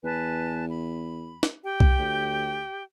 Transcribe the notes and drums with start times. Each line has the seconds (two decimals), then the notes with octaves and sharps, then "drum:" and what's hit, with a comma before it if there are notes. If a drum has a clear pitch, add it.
0.04 E2 B4 G#5 A5
0.70 B5
1.43 drum: snare
1.62 G4 G5
1.80 drum: kick C2
1.99 D2